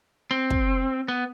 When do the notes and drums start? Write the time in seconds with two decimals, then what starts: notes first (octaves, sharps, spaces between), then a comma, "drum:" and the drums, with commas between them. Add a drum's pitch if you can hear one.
0.31 C4
0.50 drum: kick
1.08 B3